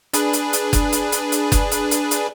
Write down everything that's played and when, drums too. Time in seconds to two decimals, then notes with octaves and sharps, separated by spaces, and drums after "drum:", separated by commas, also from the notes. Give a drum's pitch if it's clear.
0.13 D4 G#4 B4, drum: hi-hat
0.33 drum: hi-hat
0.53 drum: hi-hat
0.73 drum: kick F#1, hi-hat
0.92 drum: hi-hat
1.12 drum: hi-hat
1.32 drum: hi-hat
1.52 drum: kick F#1, hi-hat
1.71 drum: hi-hat
1.91 drum: hi-hat
2.11 drum: hi-hat